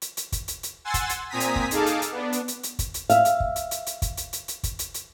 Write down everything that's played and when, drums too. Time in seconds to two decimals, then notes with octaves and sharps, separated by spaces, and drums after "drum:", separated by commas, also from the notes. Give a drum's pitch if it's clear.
0.02 drum: hi-hat
0.17 drum: hi-hat
0.32 drum: kick, hi-hat
0.48 drum: hi-hat
0.63 drum: hi-hat
0.84 F#5 G#5 C6 E6 A6
0.94 drum: kick, hi-hat
1.09 drum: hi-hat
1.30 A#2 C4 G#5 A#5 D#6 B6
1.40 drum: hi-hat
1.56 drum: kick
1.71 D#4 G#4 A4 F5 A5 D6, drum: hi-hat
1.86 drum: hi-hat
2.02 drum: hi-hat
2.11 B3 D4
2.33 drum: hi-hat
2.48 drum: hi-hat
2.63 drum: hi-hat
2.79 drum: kick, hi-hat
2.94 drum: hi-hat
3.09 E5 F5, drum: hi-hat
3.25 drum: hi-hat
3.40 drum: kick
3.56 drum: hi-hat
3.71 drum: hi-hat
3.86 drum: hi-hat
4.02 drum: kick, hi-hat
4.17 drum: hi-hat
4.33 drum: hi-hat
4.48 drum: hi-hat
4.63 drum: kick, hi-hat
4.79 drum: hi-hat
4.94 drum: hi-hat